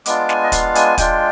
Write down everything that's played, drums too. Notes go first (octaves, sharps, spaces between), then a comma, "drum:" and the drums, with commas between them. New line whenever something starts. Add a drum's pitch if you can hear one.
G#3 B3 D4 F4 D6, drum: hi-hat
G#5, drum: snare
D#5
F5, drum: kick, hi-hat
G#5, drum: hi-hat
G#3 D4 F4 G5, drum: kick, hi-hat